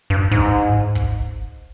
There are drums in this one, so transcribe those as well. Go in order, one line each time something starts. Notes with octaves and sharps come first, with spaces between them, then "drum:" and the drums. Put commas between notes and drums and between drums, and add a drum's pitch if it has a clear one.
G2
G#2, drum: kick
drum: kick